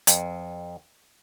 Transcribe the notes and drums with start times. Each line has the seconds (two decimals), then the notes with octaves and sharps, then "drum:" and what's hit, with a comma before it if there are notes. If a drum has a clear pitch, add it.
0.07 F2, drum: hi-hat